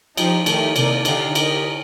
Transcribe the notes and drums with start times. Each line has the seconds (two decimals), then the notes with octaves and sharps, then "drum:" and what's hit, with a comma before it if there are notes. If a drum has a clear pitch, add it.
0.17 F3 D#4 G4 C5, drum: cymbal
0.46 D#3 A3 D#4 G4, drum: cymbal
0.76 C3 A#3 D#4 A4 D5, drum: cymbal
1.05 D3 D#4 G4 D5 F5, drum: cymbal
1.35 G4 A#4 D#5, drum: cymbal